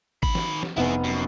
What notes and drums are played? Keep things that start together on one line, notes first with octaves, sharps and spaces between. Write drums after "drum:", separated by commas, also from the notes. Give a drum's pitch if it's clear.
D#3 B5, drum: kick G#1
drum: snare
drum: snare
F1 B3 E4 G#4
F#2